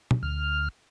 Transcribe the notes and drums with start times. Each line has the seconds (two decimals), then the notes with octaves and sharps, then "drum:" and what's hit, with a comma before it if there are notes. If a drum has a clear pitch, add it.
0.11 drum: tom
0.23 D2 F6